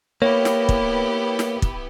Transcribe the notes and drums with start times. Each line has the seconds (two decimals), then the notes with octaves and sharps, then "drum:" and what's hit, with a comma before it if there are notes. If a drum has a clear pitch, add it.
0.22 A#3 B3 E4 G4 C#5
0.45 drum: snare
0.69 drum: kick
1.39 drum: snare
1.62 drum: kick